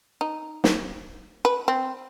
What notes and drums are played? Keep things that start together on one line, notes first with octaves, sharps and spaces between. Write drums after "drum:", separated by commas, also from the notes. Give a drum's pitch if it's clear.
D#4
drum: snare
B4
C4